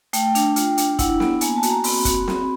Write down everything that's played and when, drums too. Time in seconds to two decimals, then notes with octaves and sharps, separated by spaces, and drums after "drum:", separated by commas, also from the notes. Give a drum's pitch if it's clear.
0.13 A3 G5, drum: hi-hat
0.35 D4, drum: hi-hat
0.56 F4, drum: hi-hat
0.78 D4, drum: hi-hat
0.99 E4 F#5, drum: kick, hi-hat
1.20 B3, drum: snare
1.41 A#3 G#5, drum: hi-hat
1.56 A5
1.63 F#4, drum: hi-hat
1.70 A#5
1.84 C4 B5, drum: open hi-hat
2.05 F#4, drum: kick, hi-hat
2.28 C4, drum: snare